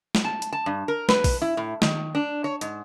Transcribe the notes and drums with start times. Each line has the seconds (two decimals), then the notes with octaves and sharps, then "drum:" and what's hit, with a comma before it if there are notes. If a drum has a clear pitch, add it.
0.15 drum: snare
0.24 A5
0.42 drum: hi-hat
0.53 A5
0.66 G2
0.88 A#4
1.09 B4, drum: snare
1.24 drum: kick A#1, open hi-hat
1.42 E4
1.57 A2
1.82 D#3, drum: snare
2.15 D4
2.44 C#5
2.61 G#2, drum: hi-hat